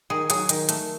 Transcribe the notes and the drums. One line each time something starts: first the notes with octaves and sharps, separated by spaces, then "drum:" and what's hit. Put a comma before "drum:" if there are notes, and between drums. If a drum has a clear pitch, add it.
D#3 G#4
F#3 G#4, drum: hi-hat
D#3, drum: hi-hat
A3, drum: hi-hat